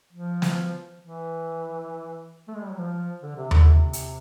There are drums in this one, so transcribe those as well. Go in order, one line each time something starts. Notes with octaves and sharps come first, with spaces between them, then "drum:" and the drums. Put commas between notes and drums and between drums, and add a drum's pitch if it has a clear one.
F3
drum: snare
E3
A3
G#3
G3
F#3
F3
D3
C3
D3, drum: tom D#2
C3
drum: hi-hat